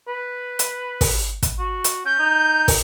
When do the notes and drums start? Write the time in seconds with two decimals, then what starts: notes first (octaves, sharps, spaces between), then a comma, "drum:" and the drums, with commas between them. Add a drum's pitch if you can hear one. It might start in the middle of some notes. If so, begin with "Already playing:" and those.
0.08 B4
0.59 drum: hi-hat
1.01 drum: kick, open hi-hat
1.43 drum: kick, hi-hat
1.59 F#4
1.84 drum: hi-hat
2.05 C#4 G6
2.19 D#4
2.68 drum: kick, open hi-hat